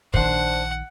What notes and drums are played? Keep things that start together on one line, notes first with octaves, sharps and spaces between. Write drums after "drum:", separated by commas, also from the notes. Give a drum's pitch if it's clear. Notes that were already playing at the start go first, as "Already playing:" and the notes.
A#1 D#3 D4 C5 F#5, drum: kick